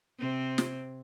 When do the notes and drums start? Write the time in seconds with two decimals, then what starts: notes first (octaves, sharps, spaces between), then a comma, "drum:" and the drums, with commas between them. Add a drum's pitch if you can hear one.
0.19 C3 C4
0.58 drum: snare